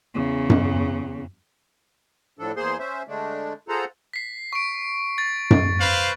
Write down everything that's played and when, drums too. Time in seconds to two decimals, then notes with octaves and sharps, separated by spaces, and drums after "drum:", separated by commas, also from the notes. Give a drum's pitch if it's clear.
0.14 E2 C#3
0.50 drum: tom F#2
2.39 A2 F3 D4 A4
2.56 E2 A#3 G#4 C5 C6
2.79 C#4 C5 E5
3.07 D3 G#3 A3 D4
3.68 F4 G#4 A4 C5 F#5 A#5
4.13 B6 C7
4.53 C#6 D7
5.18 A6
5.51 drum: tom F#2
5.81 B4 C5 F5 F#7